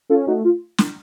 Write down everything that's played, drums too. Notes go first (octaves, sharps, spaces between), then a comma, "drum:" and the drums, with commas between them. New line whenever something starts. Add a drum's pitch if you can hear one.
C#4 F4 A4
A3 D#4 F#4
F4
drum: snare